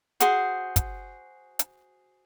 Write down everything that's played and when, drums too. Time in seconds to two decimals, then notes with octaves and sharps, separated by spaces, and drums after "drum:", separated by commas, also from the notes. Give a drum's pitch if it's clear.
0.20 F#4 G#4 C5, drum: hi-hat
0.76 drum: kick, hi-hat
1.59 drum: hi-hat